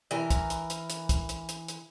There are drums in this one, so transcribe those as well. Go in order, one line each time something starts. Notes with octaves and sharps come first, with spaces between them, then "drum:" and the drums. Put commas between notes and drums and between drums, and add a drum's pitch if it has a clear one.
E3 A#4
drum: kick, hi-hat
drum: hi-hat
drum: hi-hat
drum: hi-hat
drum: kick, hi-hat
drum: hi-hat
drum: hi-hat
drum: hi-hat